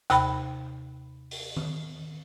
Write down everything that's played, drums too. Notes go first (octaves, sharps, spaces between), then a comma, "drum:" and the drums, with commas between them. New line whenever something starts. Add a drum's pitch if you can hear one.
D#2 C3 G5 B5, drum: hi-hat
drum: open hi-hat
drum: tom D#3